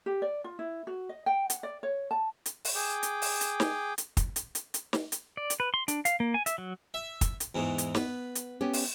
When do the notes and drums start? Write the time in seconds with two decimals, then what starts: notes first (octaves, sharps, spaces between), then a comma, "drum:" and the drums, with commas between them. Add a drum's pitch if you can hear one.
0.06 G4
0.22 D5
0.44 F4
0.59 E4
0.87 F#4
1.09 D#5
1.26 G5
1.50 F#5, drum: hi-hat
1.63 D5
1.83 C#5
2.11 A5
2.46 drum: hi-hat
2.65 drum: open hi-hat
2.75 G#4 G5 D6
3.03 drum: hi-hat
3.22 drum: open hi-hat
3.41 drum: hi-hat
3.60 drum: snare
3.98 drum: hi-hat
4.17 drum: kick, hi-hat
4.36 drum: hi-hat
4.55 drum: hi-hat
4.74 drum: hi-hat
4.93 drum: snare
5.12 drum: hi-hat
5.37 D5
5.50 drum: hi-hat
5.60 B4
5.74 C6
5.88 D4, drum: hi-hat
6.05 F5, drum: hi-hat
6.20 A#3
6.34 G#5
6.46 E5, drum: hi-hat
6.58 F#3
6.94 E5
7.21 drum: kick, hi-hat
7.40 drum: hi-hat
7.55 E2 G#2 E3
7.78 drum: hi-hat
7.95 B3 B4, drum: snare
8.35 drum: hi-hat
8.61 B3 C#4 G4
8.73 drum: open hi-hat